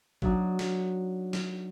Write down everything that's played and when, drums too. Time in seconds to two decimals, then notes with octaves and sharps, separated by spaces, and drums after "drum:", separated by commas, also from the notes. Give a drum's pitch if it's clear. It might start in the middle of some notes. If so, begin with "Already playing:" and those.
0.22 F#3 D4 D#4, drum: kick A1
0.59 drum: snare
1.33 drum: snare